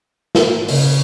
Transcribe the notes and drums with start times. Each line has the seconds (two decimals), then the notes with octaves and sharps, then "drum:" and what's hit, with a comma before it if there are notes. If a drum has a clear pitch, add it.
0.35 drum: snare
0.68 C#3, drum: open hi-hat